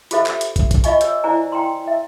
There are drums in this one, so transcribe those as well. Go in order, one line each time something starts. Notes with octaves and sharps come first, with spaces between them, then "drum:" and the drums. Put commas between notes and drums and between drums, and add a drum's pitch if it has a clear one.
F4 G4 A4 C5 E5, drum: hi-hat
drum: clap
drum: hi-hat
drum: kick, hi-hat
drum: kick, hi-hat
F4 D#5 E5 G#5 C#6, drum: hi-hat
C#5 E6, drum: hi-hat
E4 C5 D5 G#5 A#5
G5 A#5 C6
E5